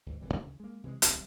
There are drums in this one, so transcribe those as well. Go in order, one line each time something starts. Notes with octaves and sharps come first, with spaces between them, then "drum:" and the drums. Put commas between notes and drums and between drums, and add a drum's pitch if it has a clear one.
D2 G#2 E3
D1 C3 E3 G3
D2 C#3 E3
G#3 A#3
C3 E3 F#3 G#3
D1 C2 C3, drum: hi-hat